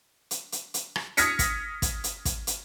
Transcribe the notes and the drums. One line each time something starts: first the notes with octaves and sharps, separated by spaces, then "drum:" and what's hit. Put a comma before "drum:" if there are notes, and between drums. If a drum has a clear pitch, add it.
drum: hi-hat
drum: hi-hat
drum: hi-hat
drum: rim click
D#6 F6 G#6 A#6 B6 C#7, drum: hi-hat
drum: kick, hi-hat
drum: kick, hi-hat
drum: hi-hat
drum: kick, hi-hat
drum: hi-hat